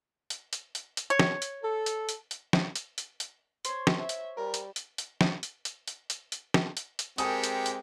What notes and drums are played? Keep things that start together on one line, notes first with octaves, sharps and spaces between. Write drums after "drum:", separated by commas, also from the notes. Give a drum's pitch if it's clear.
drum: hi-hat
drum: hi-hat
drum: hi-hat
drum: hi-hat
C#5
drum: snare
drum: hi-hat
A4
drum: hi-hat
drum: hi-hat
drum: hi-hat
drum: snare
drum: hi-hat
drum: hi-hat
drum: hi-hat
C5 C#5, drum: hi-hat
drum: snare
E5
drum: hi-hat
G3 A#4
drum: hi-hat
drum: hi-hat
drum: hi-hat
drum: snare
drum: hi-hat
drum: hi-hat
drum: hi-hat
drum: hi-hat
drum: hi-hat
drum: snare
drum: hi-hat
drum: hi-hat
G#3 C4 G4 A4 A#4 G#5 D#6, drum: hi-hat
drum: hi-hat
drum: hi-hat